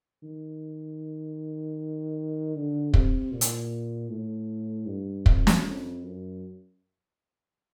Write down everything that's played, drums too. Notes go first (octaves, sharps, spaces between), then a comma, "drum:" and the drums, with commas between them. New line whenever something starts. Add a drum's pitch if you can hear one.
D#3
D3
C3, drum: kick
A#2
drum: hi-hat
A2
G2
F2, drum: kick
drum: snare
F2
F#2